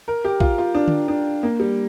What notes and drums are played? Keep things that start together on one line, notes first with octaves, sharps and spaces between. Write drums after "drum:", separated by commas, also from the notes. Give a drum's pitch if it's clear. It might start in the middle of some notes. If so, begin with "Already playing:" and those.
A#4
G4
F4, drum: kick
F4
D4
drum: tom D3
D4
A#3
G3